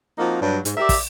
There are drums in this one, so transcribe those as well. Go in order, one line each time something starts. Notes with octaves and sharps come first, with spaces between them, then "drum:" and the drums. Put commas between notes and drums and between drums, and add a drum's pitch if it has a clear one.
F3 A#3 C4 D#4 F#4
G2 F#3
G#2, drum: hi-hat
G4 A#4 D5 E5
drum: kick, open hi-hat